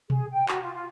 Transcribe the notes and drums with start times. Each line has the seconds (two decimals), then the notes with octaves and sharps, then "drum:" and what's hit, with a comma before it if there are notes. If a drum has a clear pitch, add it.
0.10 G#4, drum: tom B2
0.33 G5
0.48 F#4, drum: clap
0.62 F4
0.74 F4